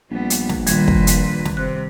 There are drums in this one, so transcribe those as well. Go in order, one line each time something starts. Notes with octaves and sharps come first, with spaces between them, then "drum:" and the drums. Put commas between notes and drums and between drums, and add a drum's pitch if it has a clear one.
A#1 G3 B3
drum: hi-hat
drum: snare
A#2 D#3 G3 B4 G#6, drum: hi-hat
drum: kick
drum: hi-hat
drum: snare
C3 F#6